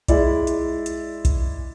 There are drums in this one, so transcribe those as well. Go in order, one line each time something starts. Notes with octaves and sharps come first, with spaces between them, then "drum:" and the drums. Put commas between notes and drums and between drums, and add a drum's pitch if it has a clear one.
G#3 E4 D5, drum: kick B1, hi-hat
drum: hi-hat
drum: hi-hat
drum: kick B1, hi-hat